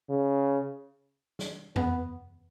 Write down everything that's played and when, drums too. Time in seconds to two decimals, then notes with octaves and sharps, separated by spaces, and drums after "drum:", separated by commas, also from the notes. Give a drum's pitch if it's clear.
0.10 C#3
1.39 drum: snare
1.76 B3, drum: tom E2